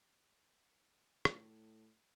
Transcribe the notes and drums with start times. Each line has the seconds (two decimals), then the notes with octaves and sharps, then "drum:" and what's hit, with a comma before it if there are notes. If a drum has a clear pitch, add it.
1.25 A2, drum: rim click